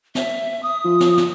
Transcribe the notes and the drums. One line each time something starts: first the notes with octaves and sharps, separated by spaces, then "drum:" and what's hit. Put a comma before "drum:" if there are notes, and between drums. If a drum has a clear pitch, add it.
E5, drum: snare
D#6
F3
drum: snare
drum: snare